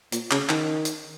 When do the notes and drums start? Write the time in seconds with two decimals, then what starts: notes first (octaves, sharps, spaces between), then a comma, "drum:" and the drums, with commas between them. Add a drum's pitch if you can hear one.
0.12 A#2, drum: hi-hat
0.31 C#3, drum: clap
0.49 D#3, drum: clap
0.85 drum: hi-hat